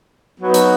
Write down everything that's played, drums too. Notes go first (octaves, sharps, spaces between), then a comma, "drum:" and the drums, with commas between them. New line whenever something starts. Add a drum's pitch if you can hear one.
F#3 B3 D#4 F#4 B4
drum: hi-hat